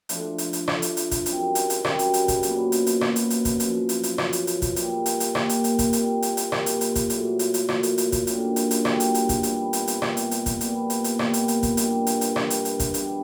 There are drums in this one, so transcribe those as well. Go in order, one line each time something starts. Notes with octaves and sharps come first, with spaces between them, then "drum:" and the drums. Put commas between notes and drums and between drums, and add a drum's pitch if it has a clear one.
F3 A3 D4 F4, drum: hi-hat
drum: hi-hat
drum: hi-hat
F3 A3 D4 F4, drum: rim click
drum: hi-hat
drum: hi-hat
drum: kick, hi-hat
F#2 D#3 G3 C4, drum: hi-hat
drum: hi-hat
drum: hi-hat
F#2 D#3 G3 C4, drum: rim click
drum: hi-hat
drum: hi-hat
drum: kick, hi-hat
A#2 F#3 B3, drum: hi-hat
drum: hi-hat
drum: hi-hat
A#2 F#3 B3, drum: rim click
drum: hi-hat
drum: hi-hat
drum: kick, hi-hat
F#2 C#3 F3, drum: hi-hat
drum: hi-hat
drum: hi-hat
F#2 C#3 F3, drum: rim click
drum: hi-hat
drum: hi-hat
drum: kick, hi-hat
A#2 G3 A#3, drum: hi-hat
drum: hi-hat
drum: hi-hat
A#2 G3 A#3, drum: rim click
drum: hi-hat
drum: hi-hat
drum: kick, hi-hat
A#2 G3 C4, drum: hi-hat
drum: hi-hat
drum: hi-hat
A#2 G3 C4, drum: rim click
drum: hi-hat
drum: hi-hat
drum: kick, hi-hat
A#2 F#3 A3, drum: hi-hat
drum: hi-hat
drum: hi-hat
A#2 F#3 A3, drum: rim click
drum: hi-hat
drum: hi-hat
drum: kick, hi-hat
F#2 D3 G3 A#3, drum: hi-hat
drum: hi-hat
drum: hi-hat
F#2 D3 G3 A#3, drum: rim click
drum: hi-hat
drum: hi-hat
drum: kick, hi-hat
A#2 G3 B3 E4, drum: hi-hat
drum: hi-hat
drum: hi-hat
A#2 G3 B3 E4, drum: rim click
drum: hi-hat
drum: hi-hat
drum: kick, hi-hat
A#2 G3 B3, drum: hi-hat
drum: hi-hat
drum: hi-hat
A#2 G3 B3, drum: rim click
drum: hi-hat
drum: hi-hat
drum: kick, hi-hat
G2 D#3 G3, drum: hi-hat
drum: hi-hat
drum: hi-hat
G2 D#3 G3, drum: rim click
drum: hi-hat
drum: hi-hat
drum: kick, hi-hat
G2 D#3 G3 B3, drum: hi-hat